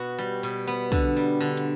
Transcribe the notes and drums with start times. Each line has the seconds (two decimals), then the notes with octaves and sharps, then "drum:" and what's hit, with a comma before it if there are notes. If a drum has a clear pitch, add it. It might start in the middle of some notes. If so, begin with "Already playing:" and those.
Already playing: B2 B3 F#4
0.18 G3
0.43 B2
0.67 B3
0.92 D3, drum: kick, hi-hat
1.16 G3
1.40 D3
1.57 drum: hi-hat